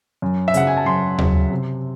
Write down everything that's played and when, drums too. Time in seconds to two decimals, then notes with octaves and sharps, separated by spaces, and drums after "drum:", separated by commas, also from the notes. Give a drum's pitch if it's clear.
0.22 F#2
0.48 E5
0.54 C#3 F#3 F#5, drum: hi-hat
0.67 G#5
0.77 A5
0.86 F#2 C6
1.18 C#3 F#3, drum: tom D#2
1.51 C3